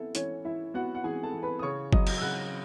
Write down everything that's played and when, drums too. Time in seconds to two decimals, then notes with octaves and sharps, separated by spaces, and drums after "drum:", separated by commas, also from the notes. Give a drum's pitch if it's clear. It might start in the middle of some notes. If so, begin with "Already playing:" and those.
Already playing: E3 B3 E4 A4
0.15 E3 C#4 C#5, drum: hi-hat
0.45 E3 E4 E5
0.74 B3 F#4 F#5
0.95 F#5
1.04 E3 G#4 G#5
1.23 A4 A5
1.33 E3
1.43 B4 B5
1.59 D#6
1.62 C#3 C#5 C#6
1.93 F#3 D#5 D#6, drum: kick F#1
2.07 drum: cymbal
2.18 E6
2.22 C#3 F#5 F#6